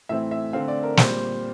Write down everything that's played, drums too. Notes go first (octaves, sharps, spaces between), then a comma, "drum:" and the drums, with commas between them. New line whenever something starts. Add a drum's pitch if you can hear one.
A2 E3 A3 C4 E5
E5
D3 A3 C4 F5
D5
A#4
A#2 G3 C4 C5, drum: snare